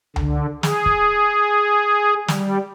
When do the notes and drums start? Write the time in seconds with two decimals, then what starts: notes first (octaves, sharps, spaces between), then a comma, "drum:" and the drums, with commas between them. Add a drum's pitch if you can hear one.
0.16 D3, drum: tom C#2
0.63 G#4, drum: snare
0.86 drum: kick
2.28 G3, drum: snare